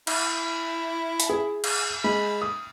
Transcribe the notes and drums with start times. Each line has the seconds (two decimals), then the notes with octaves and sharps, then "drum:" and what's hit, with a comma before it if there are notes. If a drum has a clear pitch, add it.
0.07 E4, drum: cymbal
1.20 drum: hi-hat
1.29 G#4
1.64 drum: cymbal
2.04 G#3 B5
2.42 D#6